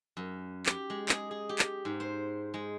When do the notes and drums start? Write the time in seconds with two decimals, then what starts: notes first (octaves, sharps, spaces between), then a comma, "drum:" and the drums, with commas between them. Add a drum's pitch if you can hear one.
0.17 F#2
0.66 G4, drum: clap
0.90 G#3
1.09 G#4, drum: clap
1.31 G#4
1.49 G4
1.59 drum: clap
1.85 G#2
2.00 C5
2.54 G#3